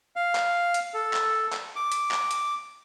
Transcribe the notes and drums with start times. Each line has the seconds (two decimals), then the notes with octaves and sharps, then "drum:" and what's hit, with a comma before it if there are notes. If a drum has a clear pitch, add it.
0.16 F5
0.35 drum: clap
0.74 drum: hi-hat
0.94 A4
1.13 drum: clap
1.53 drum: clap
1.76 D6
1.92 drum: hi-hat
2.11 drum: clap
2.31 drum: hi-hat